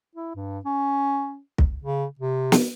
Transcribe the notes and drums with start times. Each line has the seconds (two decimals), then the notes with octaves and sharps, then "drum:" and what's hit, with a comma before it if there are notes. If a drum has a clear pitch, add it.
0.15 E4
0.36 G2
0.65 C#4
1.58 drum: kick
1.82 C#3
2.19 C3
2.52 drum: snare